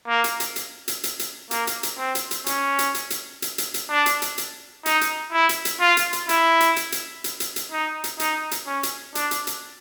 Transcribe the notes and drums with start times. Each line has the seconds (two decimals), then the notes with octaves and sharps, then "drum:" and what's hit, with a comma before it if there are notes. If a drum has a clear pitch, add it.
0.08 A#3
0.24 drum: hi-hat
0.40 drum: hi-hat
0.56 drum: hi-hat
0.88 drum: hi-hat
1.04 drum: hi-hat
1.19 drum: hi-hat
1.51 A#3, drum: hi-hat
1.67 drum: hi-hat
1.83 drum: hi-hat
1.99 C4
2.15 drum: hi-hat
2.31 drum: hi-hat
2.46 C#4, drum: hi-hat
2.79 drum: hi-hat
2.94 drum: hi-hat
3.10 drum: hi-hat
3.42 drum: hi-hat
3.58 drum: hi-hat
3.74 drum: hi-hat
3.90 D4
4.06 drum: hi-hat
4.22 drum: hi-hat
4.38 drum: hi-hat
4.86 D#4, drum: hi-hat
5.01 drum: hi-hat
5.33 E4
5.49 drum: hi-hat
5.65 drum: hi-hat
5.81 F4
5.97 drum: hi-hat
6.13 drum: hi-hat
6.29 E4, drum: hi-hat
6.60 drum: hi-hat
6.76 drum: hi-hat
6.92 drum: hi-hat
7.24 drum: hi-hat
7.40 drum: hi-hat
7.56 drum: hi-hat
7.72 D#4
8.04 drum: hi-hat
8.20 D#4, drum: hi-hat
8.51 drum: hi-hat
8.67 C#4
8.83 drum: hi-hat
9.15 D4, drum: hi-hat
9.31 drum: hi-hat
9.47 drum: hi-hat